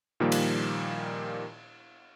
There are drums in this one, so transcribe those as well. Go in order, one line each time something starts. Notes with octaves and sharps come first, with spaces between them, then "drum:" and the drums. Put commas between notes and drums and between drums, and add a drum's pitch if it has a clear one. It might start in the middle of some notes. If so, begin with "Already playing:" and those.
A#2 D#3 F3 G3 A#3
drum: cymbal